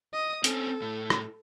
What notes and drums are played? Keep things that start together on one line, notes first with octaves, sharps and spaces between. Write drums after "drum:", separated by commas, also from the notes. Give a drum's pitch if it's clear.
D#5 D#6
C4 C#4 A4, drum: hi-hat
A2
drum: rim click